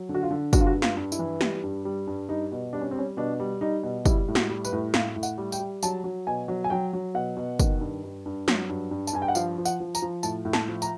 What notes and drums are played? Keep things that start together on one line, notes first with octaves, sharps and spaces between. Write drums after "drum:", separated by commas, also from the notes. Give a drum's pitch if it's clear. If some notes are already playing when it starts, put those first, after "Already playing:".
Already playing: F#3
D3
F#4
F4
D3
G2 F#4, drum: kick, tambourine
F4
F#4
G2
F4, drum: snare
G2
E4, drum: tambourine
E3
G3, drum: snare
G2
G3
G2
G3 D#4
B2
G3 D4
C#4
C4
G3 C#4
B2 D4
G3
G3 D#4
B2
G3 E4, drum: kick, tambourine
A2
F#4, drum: snare
G3
B4, drum: tambourine
A2
A2 F5, drum: snare
A2
F#5, drum: tambourine
G3
G5, drum: tambourine
G3
F#3 A5, drum: tambourine
F#3
B2 G#5
F#3
G#5
F#3 G5
F#3
B2 F#5
B2
D#3, drum: kick, tambourine
G2
G2
G2
F#3, drum: snare
G2
G2
A5, drum: tambourine
G2 G#5
G5
F#5
F3 F5, drum: tambourine
F3
F#5, drum: tambourine
F3
A#5, drum: tambourine
F3
A2 A5, drum: tambourine
A2
A5, drum: snare
F3
A#5, drum: tambourine